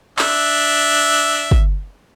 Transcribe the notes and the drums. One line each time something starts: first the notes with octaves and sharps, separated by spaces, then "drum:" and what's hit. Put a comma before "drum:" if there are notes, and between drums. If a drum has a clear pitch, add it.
D4 E5, drum: clap
drum: kick